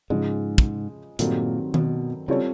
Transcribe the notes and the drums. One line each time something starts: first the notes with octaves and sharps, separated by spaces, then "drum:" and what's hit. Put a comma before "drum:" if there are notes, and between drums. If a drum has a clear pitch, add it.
G#2 C#3 F3 G#3
drum: kick
G2 A#2 D#3 F#3 A3 C4, drum: hi-hat
B2, drum: tom D#3
C#3 G3 C4 F4 A4 C#5